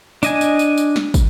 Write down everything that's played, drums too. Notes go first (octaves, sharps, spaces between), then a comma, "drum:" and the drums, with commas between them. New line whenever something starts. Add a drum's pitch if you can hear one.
D4 D#5 G#5, drum: tambourine
drum: tambourine
drum: tambourine
drum: tambourine
drum: snare
drum: kick, tambourine